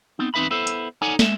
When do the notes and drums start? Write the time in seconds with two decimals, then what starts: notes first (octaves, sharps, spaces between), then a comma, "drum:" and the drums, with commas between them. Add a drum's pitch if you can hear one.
0.19 B3 C4 D#4
0.34 E2 C4 D#4 B4 E5 B5
0.51 B3 E4 A4 C5
0.67 drum: hi-hat
1.02 D#4 A4 C#5 D5 F#5 G#5
1.19 G#3 E5, drum: snare